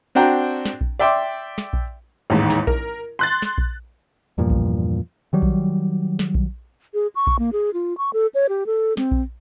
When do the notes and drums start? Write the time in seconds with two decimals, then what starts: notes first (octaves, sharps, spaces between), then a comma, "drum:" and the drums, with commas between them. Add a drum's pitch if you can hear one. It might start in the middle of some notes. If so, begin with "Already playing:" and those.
0.15 C4 D4 F#4 G5 A#5
0.65 drum: snare
0.81 drum: kick A#1
0.99 D5 E5 G5 C6 D6
1.58 drum: snare
1.73 drum: kick A#1
2.30 A1 D#2 G#2
2.50 drum: snare
2.67 A#4, drum: kick A#1
3.19 C6 F#6 A6
3.42 drum: snare
3.58 drum: kick A#1
4.38 E2 G2 A#2 F3
4.50 drum: kick A#1
5.33 D#3 F#3 G3
5.42 drum: kick A#1
6.19 drum: snare
6.35 drum: kick A#1
6.94 G#4
7.16 C#6
7.27 drum: kick A#1
7.39 A#3
7.53 G#4
7.74 F4
7.98 C#6
8.13 A4
8.35 C#5
8.49 G4
8.67 A4
8.97 C4, drum: snare
9.11 drum: kick A#1